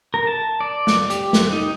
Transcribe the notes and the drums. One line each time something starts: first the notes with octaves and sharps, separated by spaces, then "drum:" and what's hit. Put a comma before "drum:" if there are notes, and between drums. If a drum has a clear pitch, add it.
A#4
A5
D5
drum: snare
G4, drum: hi-hat
drum: snare
D#4